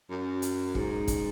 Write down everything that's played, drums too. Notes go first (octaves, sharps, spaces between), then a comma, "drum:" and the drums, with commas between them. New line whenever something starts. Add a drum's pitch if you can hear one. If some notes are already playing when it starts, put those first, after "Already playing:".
F#2
drum: hi-hat
G#2, drum: kick
drum: kick, hi-hat